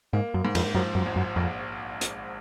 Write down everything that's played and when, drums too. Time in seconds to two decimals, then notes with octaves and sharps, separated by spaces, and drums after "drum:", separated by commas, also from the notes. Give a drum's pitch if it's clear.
0.13 G#2 A#3
0.34 F#2
0.45 G#2
0.55 F2, drum: cymbal
0.75 F#2 F3
0.95 F#2
1.06 G#1
1.16 F#2
1.36 A#1 F2
2.01 drum: hi-hat